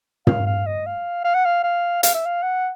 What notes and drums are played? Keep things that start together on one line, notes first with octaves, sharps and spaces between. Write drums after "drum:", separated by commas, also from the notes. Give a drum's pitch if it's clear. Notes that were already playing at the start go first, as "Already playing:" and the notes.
F5, drum: tom
F5
D#5
F5
F5
F#5
F5
F5
F5, drum: hi-hat
E5
F5
F#5